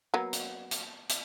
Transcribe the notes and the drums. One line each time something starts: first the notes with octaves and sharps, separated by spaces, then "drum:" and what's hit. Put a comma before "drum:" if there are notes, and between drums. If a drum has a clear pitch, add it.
F#3 A#3 B3
drum: hi-hat
drum: hi-hat
drum: hi-hat